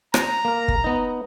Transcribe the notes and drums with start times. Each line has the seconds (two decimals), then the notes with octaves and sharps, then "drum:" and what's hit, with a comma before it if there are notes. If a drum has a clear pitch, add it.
0.14 A#5, drum: rim click
0.45 A#3 A#4
0.68 drum: kick
0.84 B3 D#4